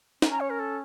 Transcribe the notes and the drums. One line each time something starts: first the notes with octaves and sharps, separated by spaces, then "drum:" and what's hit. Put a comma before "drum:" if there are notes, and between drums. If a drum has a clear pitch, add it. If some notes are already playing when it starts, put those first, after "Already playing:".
C#4, drum: snare
A#5
C#5
A#4
A4